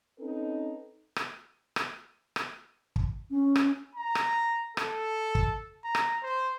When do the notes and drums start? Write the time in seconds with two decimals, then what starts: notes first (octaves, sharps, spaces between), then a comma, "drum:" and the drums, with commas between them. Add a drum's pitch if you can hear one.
0.19 C4 C#4 D#4 A4 B4
1.16 drum: rim click
1.76 drum: rim click
2.36 drum: rim click
2.96 drum: kick
3.31 C#4
3.56 drum: rim click
3.95 A#5
4.15 drum: rim click
4.77 A4, drum: rim click
5.35 drum: kick
5.84 A#5
5.95 drum: rim click
6.23 C5